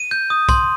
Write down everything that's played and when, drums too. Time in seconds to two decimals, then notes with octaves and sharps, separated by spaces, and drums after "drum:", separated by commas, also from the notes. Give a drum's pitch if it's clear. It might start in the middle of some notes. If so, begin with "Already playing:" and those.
Already playing: D#7
0.11 G6
0.30 D#6
0.49 C6, drum: kick C2, tambourine